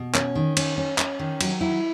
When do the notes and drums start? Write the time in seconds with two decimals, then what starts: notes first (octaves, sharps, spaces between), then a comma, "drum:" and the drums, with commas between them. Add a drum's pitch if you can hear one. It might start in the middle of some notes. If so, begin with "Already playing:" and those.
Already playing: B2
0.15 C#4, drum: clap
0.35 D#3
0.57 C#4, drum: cymbal
0.78 C#4
0.98 C#4, drum: clap
1.19 D#3
1.41 F#3, drum: cymbal
1.61 E4